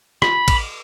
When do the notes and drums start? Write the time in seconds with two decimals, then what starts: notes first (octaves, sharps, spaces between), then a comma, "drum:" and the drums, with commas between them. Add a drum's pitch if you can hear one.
0.22 B5, drum: rim click
0.48 drum: kick, cymbal